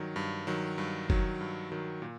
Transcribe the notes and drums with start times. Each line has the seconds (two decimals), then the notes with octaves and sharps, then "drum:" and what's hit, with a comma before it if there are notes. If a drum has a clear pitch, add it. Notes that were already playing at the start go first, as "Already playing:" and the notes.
Already playing: G2 D#3 F#3
0.16 G2
0.47 D#3 F#3
0.78 G2
1.10 D#3 F#3, drum: kick
1.41 G2
1.72 D#3 F#3
2.02 A#2